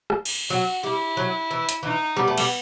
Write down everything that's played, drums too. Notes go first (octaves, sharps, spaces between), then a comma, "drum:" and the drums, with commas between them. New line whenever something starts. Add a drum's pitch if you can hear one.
drum: rim click
drum: cymbal
F#3 F#4
G3 E4
F#3
E3
drum: hi-hat
E3 D#4
G3 B3
A3
G3, drum: cymbal